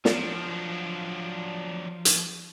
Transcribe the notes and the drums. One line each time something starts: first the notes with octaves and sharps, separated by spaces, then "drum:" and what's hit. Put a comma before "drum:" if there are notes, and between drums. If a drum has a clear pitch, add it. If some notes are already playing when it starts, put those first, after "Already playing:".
F3 F#3 D4, drum: snare
drum: hi-hat